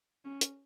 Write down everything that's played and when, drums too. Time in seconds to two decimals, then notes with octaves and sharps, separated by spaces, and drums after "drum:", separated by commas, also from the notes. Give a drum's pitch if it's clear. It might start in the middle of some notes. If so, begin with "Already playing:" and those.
0.25 C#4
0.41 drum: hi-hat